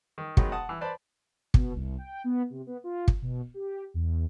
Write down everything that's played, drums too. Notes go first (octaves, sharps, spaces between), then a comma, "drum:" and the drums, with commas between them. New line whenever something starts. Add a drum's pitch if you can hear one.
D#3
D#3 F#3 G#3 B3, drum: kick
F#5 A5 D#6
E3
B4 C5 D5 A5 B5
B2, drum: kick
C2
G5
B3
C3
B3
F4
drum: kick
B2
G4
E2